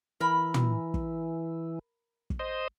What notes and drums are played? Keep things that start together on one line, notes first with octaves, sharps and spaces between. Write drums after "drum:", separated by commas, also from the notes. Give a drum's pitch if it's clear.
E3 A#4 B5
drum: tom
drum: kick
drum: kick
C5 D#5